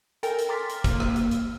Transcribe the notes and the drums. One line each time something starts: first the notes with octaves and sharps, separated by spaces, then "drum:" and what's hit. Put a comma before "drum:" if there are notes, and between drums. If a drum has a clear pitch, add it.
A4 A#4 G5 G#5, drum: hi-hat
drum: hi-hat
A#5 C6 D6 F6 A6 B6
drum: hi-hat
A#3 F6, drum: kick, hi-hat
drum: rim click
drum: hi-hat
drum: hi-hat